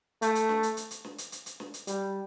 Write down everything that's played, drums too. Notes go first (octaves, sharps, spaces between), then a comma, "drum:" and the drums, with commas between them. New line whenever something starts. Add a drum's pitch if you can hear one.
A3, drum: hi-hat
drum: hi-hat
drum: snare
drum: hi-hat
drum: hi-hat
drum: hi-hat
drum: snare
drum: hi-hat
drum: hi-hat
drum: hi-hat
drum: snare
drum: hi-hat
G3, drum: hi-hat